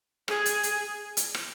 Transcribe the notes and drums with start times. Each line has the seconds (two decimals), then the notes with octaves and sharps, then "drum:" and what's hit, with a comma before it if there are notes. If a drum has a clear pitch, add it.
0.28 G#4, drum: rim click
0.46 drum: hi-hat
0.63 drum: hi-hat
1.17 drum: hi-hat
1.35 drum: rim click